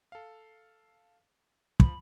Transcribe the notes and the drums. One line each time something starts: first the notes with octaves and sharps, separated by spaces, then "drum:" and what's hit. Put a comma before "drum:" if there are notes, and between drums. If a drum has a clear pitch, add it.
A4 F5
F3 B5, drum: kick